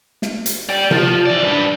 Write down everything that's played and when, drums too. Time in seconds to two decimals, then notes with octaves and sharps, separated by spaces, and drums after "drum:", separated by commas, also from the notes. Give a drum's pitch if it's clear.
0.22 drum: snare
0.46 drum: hi-hat
0.69 D5 G5
0.91 F3, drum: tom C3
1.26 E3 D5
1.44 D4 B4